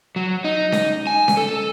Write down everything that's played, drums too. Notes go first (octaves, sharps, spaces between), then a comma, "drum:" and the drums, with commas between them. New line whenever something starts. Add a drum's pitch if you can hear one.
F#3
D#4
drum: snare C#4
G#5
drum: snare C#4
A4